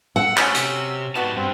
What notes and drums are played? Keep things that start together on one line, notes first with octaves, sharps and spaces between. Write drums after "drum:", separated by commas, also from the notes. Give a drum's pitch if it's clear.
F#5 E6
F#3 A3 C#4, drum: clap
C3, drum: hi-hat
G#2 G3 B3 F#4 A5
G2 C4